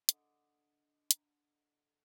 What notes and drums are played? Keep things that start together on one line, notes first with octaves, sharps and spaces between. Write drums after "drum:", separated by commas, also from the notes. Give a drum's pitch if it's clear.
D3 D#5, drum: hi-hat
A#5, drum: hi-hat